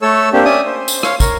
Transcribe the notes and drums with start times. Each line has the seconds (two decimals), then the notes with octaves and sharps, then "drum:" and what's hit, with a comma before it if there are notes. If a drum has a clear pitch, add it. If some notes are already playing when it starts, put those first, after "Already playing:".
0.02 A3 A4 C#5 E6
0.33 A#3 C4 D4 G4
0.45 C#4 D5 E5 G#5 D#6
0.66 C5
0.88 drum: tambourine
1.03 C#5 F5 C6, drum: rim click
1.20 A#4 C#5, drum: kick, tambourine